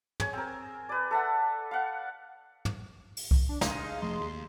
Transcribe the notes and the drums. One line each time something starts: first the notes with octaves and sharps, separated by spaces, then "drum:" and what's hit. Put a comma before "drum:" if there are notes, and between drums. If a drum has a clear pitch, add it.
G#4 C#5, drum: tom
C4 A#4
B4 D5
A4 E5 F#5
F5 F#5
drum: tom
drum: open hi-hat
drum: kick C2
D4
F#2 G#3 D#4 F5, drum: snare
F1 F3 A3 C6
D#2